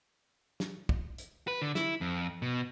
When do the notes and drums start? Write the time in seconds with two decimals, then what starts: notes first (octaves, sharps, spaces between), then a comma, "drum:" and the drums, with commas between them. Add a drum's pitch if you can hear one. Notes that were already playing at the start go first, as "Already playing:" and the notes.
0.60 drum: snare
0.89 drum: kick
1.18 drum: hi-hat
1.48 B4
1.62 D3
1.75 E4, drum: snare
2.01 F2
2.42 B2